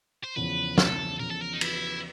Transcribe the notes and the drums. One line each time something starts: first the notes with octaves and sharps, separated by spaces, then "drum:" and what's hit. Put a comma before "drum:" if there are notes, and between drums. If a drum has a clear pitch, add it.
C5
E2 C#3 F3 B4
A4, drum: snare
E2 C#3 F3 A#4
A4
A#4
D#4
E4, drum: cymbal